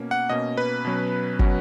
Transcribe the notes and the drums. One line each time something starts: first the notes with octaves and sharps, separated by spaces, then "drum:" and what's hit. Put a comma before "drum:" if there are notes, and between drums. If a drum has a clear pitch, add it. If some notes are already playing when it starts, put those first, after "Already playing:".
Already playing: B2 A#3 C#4
F#5
B2 A#3 C#4 D#5
B4
B2 F#3 C#4
B2 F#3 C#4, drum: kick